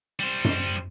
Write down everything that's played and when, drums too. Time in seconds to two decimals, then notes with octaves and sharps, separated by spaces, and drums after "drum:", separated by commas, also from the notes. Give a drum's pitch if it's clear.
0.20 G3 C5
0.45 drum: tom F#2